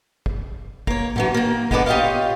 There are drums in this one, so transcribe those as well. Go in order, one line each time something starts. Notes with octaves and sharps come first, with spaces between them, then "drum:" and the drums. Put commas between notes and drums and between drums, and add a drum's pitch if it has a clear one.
drum: kick
A#3 C#5, drum: kick
D3 E3 F#3, drum: tom A2
D#3 A#3
D3 G#3 B3 A4 D5, drum: kick
F4 G4 G#4 C#5 D#5 F5